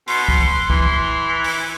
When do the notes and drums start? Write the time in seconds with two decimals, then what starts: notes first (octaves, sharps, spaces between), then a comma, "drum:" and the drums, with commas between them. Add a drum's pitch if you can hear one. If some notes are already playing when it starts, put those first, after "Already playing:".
0.08 B2 C6, drum: open hi-hat
0.29 drum: kick
0.70 E3, drum: kick
1.44 drum: open hi-hat